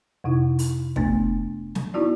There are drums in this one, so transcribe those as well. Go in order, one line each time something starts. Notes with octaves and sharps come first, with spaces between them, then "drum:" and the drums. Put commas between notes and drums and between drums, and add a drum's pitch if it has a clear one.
F2 C3 D#4 E4
drum: open hi-hat
A3 B3 D4, drum: kick
drum: snare
B3 D#4 E4 F#4 D5